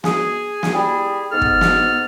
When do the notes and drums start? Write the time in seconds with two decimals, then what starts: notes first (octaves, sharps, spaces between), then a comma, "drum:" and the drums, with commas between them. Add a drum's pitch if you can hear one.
0.04 G#4, drum: snare
0.63 drum: snare
0.74 G3 E4 G#4
1.32 G#2 B3 A4 F6
1.41 drum: kick
1.61 drum: snare